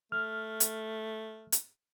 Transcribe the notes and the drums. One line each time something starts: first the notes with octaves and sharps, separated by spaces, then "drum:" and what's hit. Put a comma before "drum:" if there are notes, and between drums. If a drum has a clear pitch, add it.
A3 F6
drum: hi-hat
drum: hi-hat